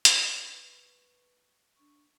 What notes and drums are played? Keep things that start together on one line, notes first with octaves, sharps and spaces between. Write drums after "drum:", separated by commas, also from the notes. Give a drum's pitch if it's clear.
drum: hi-hat
B4 C#6
D4 C#6